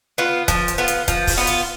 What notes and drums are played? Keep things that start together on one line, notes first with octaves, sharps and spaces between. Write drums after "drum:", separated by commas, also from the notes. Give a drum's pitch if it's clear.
B3 F4
F3, drum: kick, hi-hat
drum: hi-hat
B3 F4
drum: hi-hat
F3, drum: kick, hi-hat
drum: kick, open hi-hat
B3 F4
drum: hi-hat